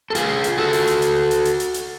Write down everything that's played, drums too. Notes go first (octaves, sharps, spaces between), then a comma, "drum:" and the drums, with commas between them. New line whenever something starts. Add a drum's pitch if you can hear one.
A4
F4 G#4, drum: hi-hat
drum: hi-hat
F#4 A4
drum: open hi-hat
drum: hi-hat
drum: hi-hat
drum: hi-hat
drum: hi-hat
drum: hi-hat
drum: hi-hat